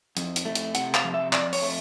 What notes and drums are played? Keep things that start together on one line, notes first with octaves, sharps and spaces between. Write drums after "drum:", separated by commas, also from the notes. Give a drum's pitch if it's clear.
F2, drum: hi-hat
drum: hi-hat
A3
drum: hi-hat
C3 F#5, drum: hi-hat
F5, drum: clap
F3
E5
F2 D5, drum: clap
C#5, drum: open hi-hat
A3